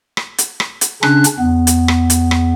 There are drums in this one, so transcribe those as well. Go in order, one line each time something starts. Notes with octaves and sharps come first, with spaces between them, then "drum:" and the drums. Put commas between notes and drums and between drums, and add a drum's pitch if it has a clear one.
drum: rim click
drum: hi-hat
drum: rim click
drum: hi-hat
C#3 C#4 D4 F#6, drum: rim click
drum: hi-hat
E2 B3
drum: hi-hat
drum: rim click
drum: hi-hat
drum: rim click